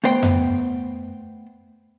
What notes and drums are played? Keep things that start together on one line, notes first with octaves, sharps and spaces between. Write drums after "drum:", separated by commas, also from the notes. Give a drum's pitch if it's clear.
A3 B3 C5 G5, drum: hi-hat
drum: tom F2